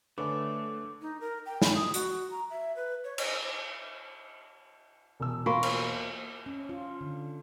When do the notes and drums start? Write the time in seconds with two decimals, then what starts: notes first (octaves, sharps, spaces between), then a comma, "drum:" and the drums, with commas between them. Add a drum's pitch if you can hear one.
0.18 D3 A3 B4 C#5 G#5 D6
1.01 D#4
1.21 A#4
1.46 G5
1.62 B5, drum: snare
1.75 D#6
1.94 F#4, drum: hi-hat
2.31 A#5
2.50 E5
2.76 B4
3.04 C#5
3.18 D#5, drum: cymbal
5.20 E1 E6
5.46 A#3 F4 F#4 C#6
5.63 drum: cymbal
6.46 C#4
6.69 F4
7.01 D3